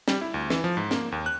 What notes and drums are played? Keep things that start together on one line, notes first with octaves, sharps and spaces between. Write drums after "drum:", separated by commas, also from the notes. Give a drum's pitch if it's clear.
G3, drum: snare
E4
D2
E3, drum: snare
F3
G#2
A#3, drum: snare
D#2
F#6